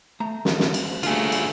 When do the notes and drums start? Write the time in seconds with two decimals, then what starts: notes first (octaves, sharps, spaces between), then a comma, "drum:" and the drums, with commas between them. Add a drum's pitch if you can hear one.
0.20 A3 A#5
0.45 drum: snare
0.60 drum: snare
0.74 drum: cymbal
1.03 D3 G3 A3 A#3 F4 G#4, drum: cymbal
1.32 drum: cymbal